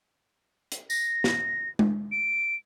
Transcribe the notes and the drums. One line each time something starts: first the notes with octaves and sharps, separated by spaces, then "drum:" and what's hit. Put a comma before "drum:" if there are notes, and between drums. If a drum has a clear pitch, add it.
drum: hi-hat
A#6, drum: tambourine
drum: snare
drum: tom G#3
D7